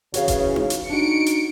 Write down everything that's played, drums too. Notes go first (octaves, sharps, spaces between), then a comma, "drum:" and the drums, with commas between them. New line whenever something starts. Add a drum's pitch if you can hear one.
C#3 E3 F#4 C#5 F5, drum: hi-hat
drum: kick F#1, hi-hat
drum: tom D#4
drum: hi-hat
D4 D#4 F#4 C#7 D7
drum: hi-hat